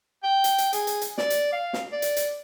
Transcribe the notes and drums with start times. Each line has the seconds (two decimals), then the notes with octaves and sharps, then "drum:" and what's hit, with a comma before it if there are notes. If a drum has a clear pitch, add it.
0.23 G5
0.44 drum: hi-hat
0.58 drum: hi-hat
0.73 G#4, drum: hi-hat
0.87 drum: hi-hat
1.01 drum: hi-hat
1.18 D5, drum: snare
1.30 drum: hi-hat
1.52 F5
1.73 drum: snare
1.92 D5
2.02 drum: hi-hat
2.17 drum: hi-hat